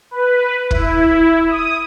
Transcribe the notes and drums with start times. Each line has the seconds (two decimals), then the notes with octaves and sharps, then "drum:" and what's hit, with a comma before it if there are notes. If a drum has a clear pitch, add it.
0.11 B4
0.71 E4, drum: kick
1.49 D#6